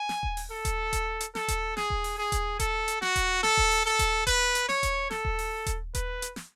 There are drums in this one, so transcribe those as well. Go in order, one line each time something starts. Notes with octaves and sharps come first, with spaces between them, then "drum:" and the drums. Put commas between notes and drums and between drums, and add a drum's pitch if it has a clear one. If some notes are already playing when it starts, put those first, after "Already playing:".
Already playing: G#5
drum: snare
drum: kick D#1
drum: open hi-hat
A4
drum: kick D#1, hi-hat
drum: kick D#1, hi-hat
drum: hi-hat
A4, drum: snare
drum: kick D#1, hi-hat
G#4, drum: snare
drum: kick D#1
drum: open hi-hat
G#4
drum: kick D#1, hi-hat
A4, drum: kick D#1, hi-hat
drum: hi-hat
F#4, drum: snare
drum: kick D#1, hi-hat
A4, drum: snare
drum: kick D#1
drum: open hi-hat
A4
drum: kick D#1, hi-hat
B4, drum: kick D#1, hi-hat
drum: hi-hat
C#5, drum: snare
drum: kick D#1, hi-hat
A4, drum: snare
drum: kick D#1
drum: open hi-hat
drum: kick D#1, hi-hat
B4, drum: kick D#1, hi-hat
drum: hi-hat
drum: snare